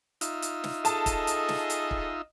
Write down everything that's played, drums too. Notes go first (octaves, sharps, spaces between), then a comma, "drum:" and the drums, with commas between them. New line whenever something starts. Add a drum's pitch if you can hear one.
D#4 F4 E5, drum: hi-hat
drum: hi-hat
drum: snare
G#4 A4 D#5 A5, drum: hi-hat
drum: kick, hi-hat
drum: hi-hat
drum: snare
drum: hi-hat
drum: kick